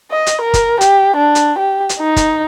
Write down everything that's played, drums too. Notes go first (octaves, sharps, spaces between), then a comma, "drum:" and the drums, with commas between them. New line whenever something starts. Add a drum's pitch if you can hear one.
D#5
drum: hi-hat
A#4
drum: kick, hi-hat
G4, drum: hi-hat
D4
drum: hi-hat
G4
drum: hi-hat
D#4
drum: kick, hi-hat